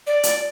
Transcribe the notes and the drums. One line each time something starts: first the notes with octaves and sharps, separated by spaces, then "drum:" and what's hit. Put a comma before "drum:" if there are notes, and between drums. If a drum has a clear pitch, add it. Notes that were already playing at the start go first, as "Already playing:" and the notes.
D5
drum: hi-hat